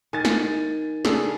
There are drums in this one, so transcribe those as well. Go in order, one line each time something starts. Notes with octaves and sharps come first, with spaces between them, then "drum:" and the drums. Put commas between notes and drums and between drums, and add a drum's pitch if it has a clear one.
D#3 G#5 A6
drum: snare
C#3 C#4 D4 G#4 A4, drum: snare